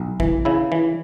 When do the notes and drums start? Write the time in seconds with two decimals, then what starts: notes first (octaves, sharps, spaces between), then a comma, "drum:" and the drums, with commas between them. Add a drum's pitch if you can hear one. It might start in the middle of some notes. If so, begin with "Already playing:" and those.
Already playing: B1
0.20 E3, drum: kick
0.45 C#3 E4
0.72 E3